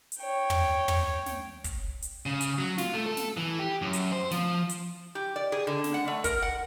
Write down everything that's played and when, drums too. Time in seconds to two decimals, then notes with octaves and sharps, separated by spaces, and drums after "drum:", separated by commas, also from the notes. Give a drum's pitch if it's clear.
0.12 drum: hi-hat
0.21 C#5 G5
0.50 drum: tom
0.88 drum: tom
1.26 drum: snare
1.64 drum: kick, hi-hat
2.02 drum: hi-hat
2.26 C#3
2.41 drum: hi-hat
2.58 F#3
2.78 F4, drum: snare
2.94 A3
3.06 A4
3.17 drum: snare
3.37 E3
3.59 G4
3.82 F#2
3.93 drum: hi-hat
4.12 C5
4.31 F3, drum: snare
4.69 drum: hi-hat
5.15 G4
5.36 D5
5.52 G#4
5.67 D3
5.84 drum: snare
5.94 F#5
6.08 A3
6.24 A#4, drum: kick, hi-hat
6.42 F#5